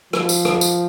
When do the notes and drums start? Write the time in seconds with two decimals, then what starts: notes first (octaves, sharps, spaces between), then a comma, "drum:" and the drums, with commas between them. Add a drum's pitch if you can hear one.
0.13 F3, drum: rim click
0.29 drum: tambourine
0.45 drum: rim click
0.61 drum: tambourine